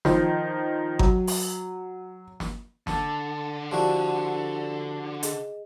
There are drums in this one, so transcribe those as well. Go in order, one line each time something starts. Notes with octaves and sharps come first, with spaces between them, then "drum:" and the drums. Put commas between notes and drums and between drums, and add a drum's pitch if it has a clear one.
D#3 F3, drum: snare
F#3, drum: kick G#1
drum: open hi-hat
drum: snare
D3 A5 A6, drum: snare
F3 E4 F#4 G4 D5 A5
G#4 D#5, drum: hi-hat